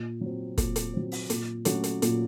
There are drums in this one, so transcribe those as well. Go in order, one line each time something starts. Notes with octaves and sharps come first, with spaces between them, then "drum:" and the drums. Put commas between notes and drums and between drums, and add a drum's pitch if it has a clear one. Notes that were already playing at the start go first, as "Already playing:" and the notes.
Already playing: A#2
F#3 C4
A#2, drum: kick, hi-hat
drum: hi-hat
F#3 C4
drum: open hi-hat
A#2, drum: hi-hat
F#3 A3 C#4 F#4, drum: hi-hat
drum: hi-hat
A#2, drum: hi-hat